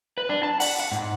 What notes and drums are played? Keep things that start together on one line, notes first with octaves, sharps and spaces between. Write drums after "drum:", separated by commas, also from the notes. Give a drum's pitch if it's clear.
B4
D4
A5
F#5, drum: open hi-hat
F#5
G#2